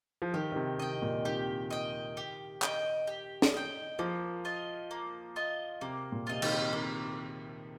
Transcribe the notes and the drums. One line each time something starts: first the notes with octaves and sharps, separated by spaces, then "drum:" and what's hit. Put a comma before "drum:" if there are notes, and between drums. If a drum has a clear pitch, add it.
F3
D#3 G4
D#3
C3
C3 D#5 G5
A#2
D#3 G4
D#5 G5
G4
D#5 G5, drum: clap
G4
drum: snare
D#5 G5
F3 A#3
F4 D#5
A#3
F4 D#5
C3 A#3
A#2
C3 F4 D#5
D#3, drum: cymbal
D#3 A#3